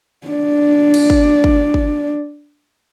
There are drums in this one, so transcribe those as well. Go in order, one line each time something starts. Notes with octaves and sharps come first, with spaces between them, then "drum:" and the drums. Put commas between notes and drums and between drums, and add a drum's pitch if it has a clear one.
D4 D5
drum: cymbal
drum: kick
drum: kick
drum: kick